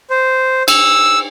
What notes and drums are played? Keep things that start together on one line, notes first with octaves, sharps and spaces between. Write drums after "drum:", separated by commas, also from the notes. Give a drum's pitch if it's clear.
C5
E6, drum: cymbal